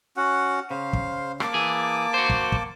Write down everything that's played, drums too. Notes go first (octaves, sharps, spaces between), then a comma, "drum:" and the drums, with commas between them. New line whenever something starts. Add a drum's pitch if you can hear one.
C#4 F#4 F#5
C#3 C5 F5
drum: kick
A#3 A5 D6, drum: rim click
E3 G#4
F#4 C5
drum: kick
drum: kick